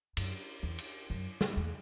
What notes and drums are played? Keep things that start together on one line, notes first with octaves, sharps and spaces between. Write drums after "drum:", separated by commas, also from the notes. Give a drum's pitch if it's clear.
F#2, drum: cymbal
E2
drum: cymbal
F#2
drum: snare
E2